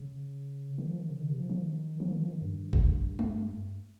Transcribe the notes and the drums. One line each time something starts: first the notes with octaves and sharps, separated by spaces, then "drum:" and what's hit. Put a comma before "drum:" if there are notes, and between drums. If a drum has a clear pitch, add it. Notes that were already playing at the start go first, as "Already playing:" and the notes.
Already playing: C#3
D#3
F3
D#3
C#3
D#3
C3
F3
F3
D#3
F3
D#3
F3
D#3
G2
drum: kick G#1
drum: tom G#3